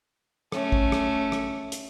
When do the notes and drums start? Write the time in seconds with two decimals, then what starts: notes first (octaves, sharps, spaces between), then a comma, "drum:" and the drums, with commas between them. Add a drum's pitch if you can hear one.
0.52 A3 C#4, drum: rim click
0.72 drum: kick
0.92 drum: rim click
1.32 drum: rim click
1.72 drum: hi-hat